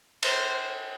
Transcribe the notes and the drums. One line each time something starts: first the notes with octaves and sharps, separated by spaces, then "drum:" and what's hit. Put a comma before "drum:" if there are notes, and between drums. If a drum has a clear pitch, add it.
C5, drum: cymbal